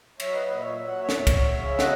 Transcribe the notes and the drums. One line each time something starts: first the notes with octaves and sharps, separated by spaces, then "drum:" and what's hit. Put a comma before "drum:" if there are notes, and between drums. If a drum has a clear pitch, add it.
F#3 C#5 E5, drum: cymbal
B4 D#5
A#2 B4 D#5
C#5 E5
F#3 E5
F#5
A#2 C#5 E5
drum: snare
F#3, drum: kick, cymbal
C#3
F#3 D#5 F#5, drum: snare